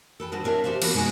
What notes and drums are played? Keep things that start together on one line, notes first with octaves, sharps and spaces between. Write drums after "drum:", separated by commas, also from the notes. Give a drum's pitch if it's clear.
A4 B4 G5
D#3 G3 D4 D#4 F#4 C5
C4 D4 A#4 C#5 E5
D#4 G4 C5 D5 F5
A#3 B3 F#4 A#4, drum: cymbal
B2 G#3 D#4 F#4 F#5